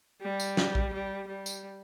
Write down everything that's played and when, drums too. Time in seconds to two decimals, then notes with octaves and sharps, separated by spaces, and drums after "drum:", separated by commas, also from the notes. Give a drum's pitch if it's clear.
0.21 G3
0.40 drum: tambourine
0.57 drum: snare
0.75 drum: kick
0.93 G3
1.28 G3
1.46 drum: tambourine